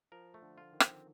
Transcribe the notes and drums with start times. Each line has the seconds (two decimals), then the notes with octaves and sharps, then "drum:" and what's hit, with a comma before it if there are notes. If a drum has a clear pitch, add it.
0.12 F3 A#4
0.34 A3
0.42 D3
0.58 F4
0.73 D#3
0.80 C4, drum: rim click